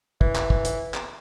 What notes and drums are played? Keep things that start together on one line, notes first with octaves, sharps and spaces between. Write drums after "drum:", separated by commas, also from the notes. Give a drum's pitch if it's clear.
E3, drum: kick
drum: clap
drum: kick
drum: hi-hat
drum: clap